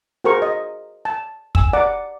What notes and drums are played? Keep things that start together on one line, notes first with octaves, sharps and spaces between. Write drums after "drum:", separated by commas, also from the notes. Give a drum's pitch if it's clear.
F#4 G#4 A#4 C5 C#6
D#5
A5
G#5 E6, drum: kick
D5 F#5 A#5 D6